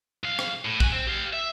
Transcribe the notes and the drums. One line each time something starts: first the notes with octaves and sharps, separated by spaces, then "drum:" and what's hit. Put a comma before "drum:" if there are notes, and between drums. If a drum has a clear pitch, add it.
B1 F5
drum: rim click
A2
F#4 G#5, drum: kick A#1
C4
G4 F5
E5